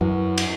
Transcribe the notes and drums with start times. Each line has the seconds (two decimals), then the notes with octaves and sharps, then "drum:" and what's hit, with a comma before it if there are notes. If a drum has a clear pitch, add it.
0.01 F#2 F#3 E4 B4 F#5
0.38 drum: cymbal